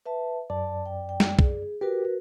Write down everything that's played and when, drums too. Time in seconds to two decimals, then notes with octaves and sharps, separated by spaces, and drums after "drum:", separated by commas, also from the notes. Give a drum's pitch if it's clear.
0.06 B4 E5 A5
0.50 F#2 D5 A5
0.86 G5
1.09 G5
1.20 drum: snare
1.39 G#4, drum: kick
1.81 F#4 G4 A#4 B4